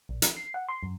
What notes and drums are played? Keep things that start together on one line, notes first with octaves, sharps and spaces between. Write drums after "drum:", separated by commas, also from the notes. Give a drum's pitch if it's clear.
A#1
F3, drum: hi-hat
C7
F#5
C6
F#2